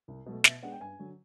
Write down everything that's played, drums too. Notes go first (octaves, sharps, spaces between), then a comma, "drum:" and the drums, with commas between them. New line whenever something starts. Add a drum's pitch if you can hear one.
C2
B2 F#3 A3
B2 E5, drum: snare
G#3 B3 D4 F#5
G5
G2 G#5
D3 F#3